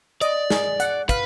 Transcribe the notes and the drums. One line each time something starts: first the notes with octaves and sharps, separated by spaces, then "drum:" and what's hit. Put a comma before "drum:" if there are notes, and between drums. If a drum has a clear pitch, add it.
D5 D#5, drum: hi-hat
G#4, drum: snare
F#5, drum: hi-hat
B4 F5, drum: kick, hi-hat